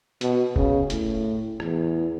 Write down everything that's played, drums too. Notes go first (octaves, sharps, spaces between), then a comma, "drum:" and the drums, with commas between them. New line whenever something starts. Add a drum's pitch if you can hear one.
B2, drum: hi-hat
C#3, drum: kick F1
A2, drum: hi-hat
E2, drum: rim click